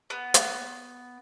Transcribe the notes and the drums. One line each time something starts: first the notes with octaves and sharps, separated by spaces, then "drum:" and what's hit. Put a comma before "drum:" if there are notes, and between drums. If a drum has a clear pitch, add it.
B3
drum: hi-hat